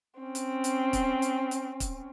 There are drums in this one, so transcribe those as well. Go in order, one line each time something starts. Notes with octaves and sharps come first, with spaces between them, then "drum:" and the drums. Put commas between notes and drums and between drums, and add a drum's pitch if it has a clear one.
C4 C#4
drum: hi-hat
drum: hi-hat
drum: kick, hi-hat
drum: hi-hat
drum: hi-hat
drum: kick, hi-hat